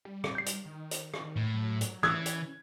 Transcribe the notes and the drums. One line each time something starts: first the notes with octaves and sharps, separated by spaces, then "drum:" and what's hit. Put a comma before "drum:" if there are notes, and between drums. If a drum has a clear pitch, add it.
G3
drum: rim click
G6 C7
drum: hi-hat
D#3
drum: hi-hat
drum: rim click
A2
F#3
drum: hi-hat
E3 C#4 D#6 E6 F#6 G#6, drum: rim click
drum: hi-hat